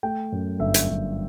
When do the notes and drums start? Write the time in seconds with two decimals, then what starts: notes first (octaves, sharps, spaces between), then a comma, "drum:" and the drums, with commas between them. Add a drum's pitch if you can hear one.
0.03 A3 G5
0.32 F#2
0.59 G1 E5
0.74 drum: hi-hat
0.88 G1